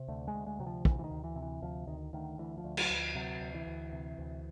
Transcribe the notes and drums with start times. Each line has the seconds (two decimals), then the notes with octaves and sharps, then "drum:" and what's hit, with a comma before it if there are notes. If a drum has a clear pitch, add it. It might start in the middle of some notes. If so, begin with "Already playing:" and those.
Already playing: C3
0.08 D2 A3
0.28 G#3
0.34 D2
0.47 G#3
0.59 C3 F#3
0.67 F3
0.85 D2 E3, drum: kick
0.99 E3
1.04 D#3
1.11 D2
1.24 E3
1.36 C3
1.42 E3
1.62 D2 F3
1.87 D2 D#3
2.13 D2 D#3
2.38 D2 E3
2.58 F3
2.64 D2
2.77 F#3, drum: cymbal
2.90 D2
2.96 F3
3.15 C3 F#3
3.40 D2
3.54 E3
3.66 D2
3.93 C3
4.18 D2